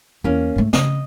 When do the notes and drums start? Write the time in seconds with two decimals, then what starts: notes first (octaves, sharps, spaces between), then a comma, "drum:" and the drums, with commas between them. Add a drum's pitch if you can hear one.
0.24 E2 A#3 C#4
0.56 G#2 A3
0.73 C#3 D#5, drum: snare